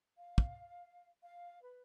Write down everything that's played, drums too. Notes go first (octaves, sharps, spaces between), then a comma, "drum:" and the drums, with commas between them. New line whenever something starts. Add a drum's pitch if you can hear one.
F5
drum: kick
F5
B4